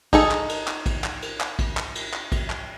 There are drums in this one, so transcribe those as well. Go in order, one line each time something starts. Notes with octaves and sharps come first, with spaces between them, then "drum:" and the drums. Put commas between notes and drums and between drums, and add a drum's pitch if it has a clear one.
D#4 G#4 A4, drum: kick, cymbal
drum: clap
drum: cymbal
drum: clap
drum: kick, cymbal
drum: clap
drum: cymbal
drum: clap
drum: kick, cymbal
drum: clap
drum: cymbal
drum: clap
drum: kick, cymbal
drum: clap